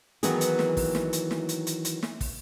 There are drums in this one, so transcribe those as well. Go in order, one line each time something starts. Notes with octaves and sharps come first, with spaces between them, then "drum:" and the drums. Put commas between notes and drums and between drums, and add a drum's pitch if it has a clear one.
D#3 E3 F#3 B3 G#4, drum: hi-hat
drum: hi-hat
drum: snare
drum: kick, open hi-hat
drum: snare
drum: hi-hat
drum: snare
drum: hi-hat
drum: hi-hat
drum: hi-hat
drum: snare
drum: kick, open hi-hat